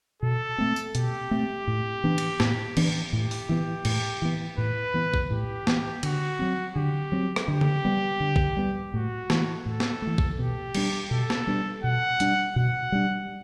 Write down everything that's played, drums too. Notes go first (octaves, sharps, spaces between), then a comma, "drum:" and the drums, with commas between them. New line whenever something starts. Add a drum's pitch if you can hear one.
B2 A4
A3 C4
drum: tambourine
B2 G4, drum: hi-hat
A3 C4
A2
E3 B3 D4
drum: cymbal
A2, drum: snare
E3 B3 D4, drum: cymbal
A2 G4
drum: open hi-hat
E3 B3
A2, drum: cymbal
E3 B3
A2 B4
E3 B3
drum: kick
A2 G4
E3 B3, drum: snare
D3 F#4, drum: cymbal
F#3 C4
D3 G4
F#3 C4
drum: rim click
D3 G4
drum: tom C#3
G3 B3
D3
drum: kick
G3 B3
A2 F#4
E3 A3, drum: snare
A2 A4
drum: snare
E3 A3
drum: kick
B2 G4
G3 B3 D4, drum: cymbal
B2 A4
drum: snare
G3 B3 D4
B2 F#5
G3 D4, drum: hi-hat
B2 F#5
G3 D4